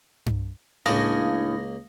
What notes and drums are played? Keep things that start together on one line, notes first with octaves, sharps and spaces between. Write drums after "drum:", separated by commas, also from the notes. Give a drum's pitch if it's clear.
drum: tom G2
C#2 A2 A#3 C#4 D4 F5 D#6 A#6